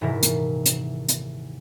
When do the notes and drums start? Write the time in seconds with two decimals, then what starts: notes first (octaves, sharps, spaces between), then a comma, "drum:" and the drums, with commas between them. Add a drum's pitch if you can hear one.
0.01 D#1 G#2 C3 E3 E4 A#4
0.23 drum: hi-hat
0.66 drum: hi-hat
1.09 drum: hi-hat